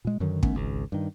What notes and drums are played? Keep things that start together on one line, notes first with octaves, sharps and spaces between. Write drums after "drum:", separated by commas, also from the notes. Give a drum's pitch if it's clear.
A#2 G#3
F#2 D3 D#3 F#3
D#3 A3 B3 C#4, drum: kick
G#1 C#2
G2 D#3